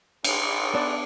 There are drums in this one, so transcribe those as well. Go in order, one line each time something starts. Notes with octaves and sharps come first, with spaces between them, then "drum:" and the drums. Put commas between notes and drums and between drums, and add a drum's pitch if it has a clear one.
A1, drum: cymbal
B3 D4 D5